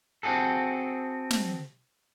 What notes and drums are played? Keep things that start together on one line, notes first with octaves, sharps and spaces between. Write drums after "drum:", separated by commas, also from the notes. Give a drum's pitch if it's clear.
C4 F#4 G#4 A4
drum: snare